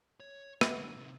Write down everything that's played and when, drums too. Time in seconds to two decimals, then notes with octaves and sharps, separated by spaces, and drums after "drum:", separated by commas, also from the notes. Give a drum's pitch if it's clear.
0.20 C#5
0.61 D#2 F#5, drum: rim click
0.77 F#2 D3
0.97 C3 D#3